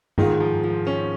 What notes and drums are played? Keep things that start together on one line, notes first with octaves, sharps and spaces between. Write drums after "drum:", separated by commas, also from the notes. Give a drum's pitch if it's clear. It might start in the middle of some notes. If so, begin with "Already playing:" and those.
G#2 D#3 G#3 F4, drum: tom G2
F3
F3
C#4